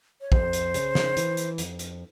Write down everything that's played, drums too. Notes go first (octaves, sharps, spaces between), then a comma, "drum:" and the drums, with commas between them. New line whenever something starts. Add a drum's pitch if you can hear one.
C#5
F2 C5, drum: kick A#1
drum: hi-hat
C#3, drum: hi-hat
drum: snare
E3, drum: hi-hat
drum: hi-hat
F2, drum: hi-hat
drum: hi-hat